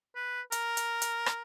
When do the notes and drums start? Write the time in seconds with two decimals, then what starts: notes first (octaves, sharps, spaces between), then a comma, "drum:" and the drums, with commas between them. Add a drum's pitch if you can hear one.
0.16 B4
0.52 A#4, drum: hi-hat
0.77 drum: hi-hat
1.02 drum: hi-hat
1.26 drum: rim click